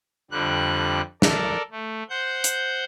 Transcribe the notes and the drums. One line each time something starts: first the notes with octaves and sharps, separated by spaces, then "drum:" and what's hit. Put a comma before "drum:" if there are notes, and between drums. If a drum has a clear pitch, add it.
F2 D3 G3 F#6
A4 A#4 D5, drum: snare
A3
C5 F#5 G6
drum: hi-hat